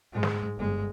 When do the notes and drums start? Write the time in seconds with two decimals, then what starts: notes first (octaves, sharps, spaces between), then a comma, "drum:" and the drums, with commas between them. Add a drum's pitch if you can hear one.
0.13 G#2 G#3
0.23 drum: snare
0.56 G1 G#3